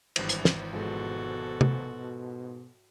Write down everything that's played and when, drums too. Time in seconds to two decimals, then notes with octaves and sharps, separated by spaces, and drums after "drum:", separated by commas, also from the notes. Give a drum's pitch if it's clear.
0.16 G#1 G2 E3 C5, drum: cymbal
0.29 drum: hi-hat
0.45 drum: snare
0.73 G#2 B2 F3 G#3 F#4 A4
1.61 drum: tom